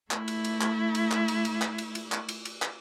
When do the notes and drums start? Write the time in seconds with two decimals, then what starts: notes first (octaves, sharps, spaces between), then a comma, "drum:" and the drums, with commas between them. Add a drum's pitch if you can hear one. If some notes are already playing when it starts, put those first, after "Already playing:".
0.11 A3 E4, drum: clap
0.28 drum: cymbal
0.44 drum: cymbal
0.61 drum: clap
0.95 drum: cymbal
1.11 drum: clap
1.28 drum: cymbal
1.45 drum: cymbal
1.62 drum: clap
1.78 drum: cymbal
1.95 drum: cymbal
2.12 drum: clap
2.29 drum: cymbal
2.45 drum: cymbal
2.62 drum: clap